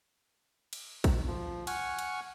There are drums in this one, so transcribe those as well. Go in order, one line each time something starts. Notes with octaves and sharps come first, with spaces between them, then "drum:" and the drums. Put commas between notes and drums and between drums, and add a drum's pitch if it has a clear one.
drum: cymbal
drum: kick, cymbal
F3
F#5 G#5 C#6 F6, drum: cymbal
drum: cymbal